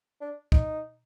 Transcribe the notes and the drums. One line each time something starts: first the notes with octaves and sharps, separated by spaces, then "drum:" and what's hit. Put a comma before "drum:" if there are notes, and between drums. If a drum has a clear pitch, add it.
D4
D#4, drum: kick